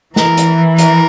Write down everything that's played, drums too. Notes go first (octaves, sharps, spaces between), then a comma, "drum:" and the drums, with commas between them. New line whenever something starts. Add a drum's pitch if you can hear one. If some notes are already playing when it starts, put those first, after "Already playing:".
E3 A#4, drum: snare
drum: hi-hat
A#4, drum: hi-hat